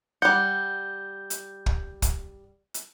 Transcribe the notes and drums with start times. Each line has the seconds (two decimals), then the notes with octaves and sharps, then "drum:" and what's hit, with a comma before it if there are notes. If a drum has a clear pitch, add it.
0.22 G3 F#5 G6
1.30 drum: hi-hat
1.66 drum: kick
2.02 drum: kick, hi-hat
2.74 drum: hi-hat